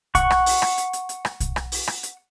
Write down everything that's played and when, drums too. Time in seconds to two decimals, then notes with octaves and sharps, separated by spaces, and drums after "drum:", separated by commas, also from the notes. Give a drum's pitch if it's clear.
0.15 F#5 C#6, drum: kick, hi-hat
0.31 drum: rim click
0.46 drum: open hi-hat
0.62 drum: rim click
0.78 drum: hi-hat
0.93 drum: hi-hat
1.09 drum: hi-hat
1.25 drum: rim click
1.40 drum: kick, hi-hat
1.56 drum: rim click
1.72 drum: open hi-hat
1.87 drum: rim click
2.03 drum: hi-hat